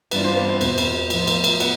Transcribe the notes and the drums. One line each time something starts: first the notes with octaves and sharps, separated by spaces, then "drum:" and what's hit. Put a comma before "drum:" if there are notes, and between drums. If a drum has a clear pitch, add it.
G2 E3 G3 B3 D4 F4 B4, drum: cymbal
C4 C5
B3 B4
C4 C5
E2 B2 B3 C4 C5, drum: cymbal
drum: cymbal
A2 F3 B3 F4, drum: cymbal
drum: cymbal
drum: cymbal
B3 B4, drum: cymbal